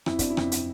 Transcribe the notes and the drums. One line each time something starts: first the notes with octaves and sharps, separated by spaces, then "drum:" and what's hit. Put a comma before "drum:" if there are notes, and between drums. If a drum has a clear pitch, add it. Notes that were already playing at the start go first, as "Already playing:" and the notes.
F2 E4, drum: rim click
F2 D4, drum: kick, hi-hat
E4
F2, drum: rim click
drum: hi-hat